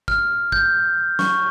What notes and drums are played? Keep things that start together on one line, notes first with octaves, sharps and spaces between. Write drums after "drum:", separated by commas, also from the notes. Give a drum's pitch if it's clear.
F6, drum: kick
G6, drum: kick
C#6, drum: snare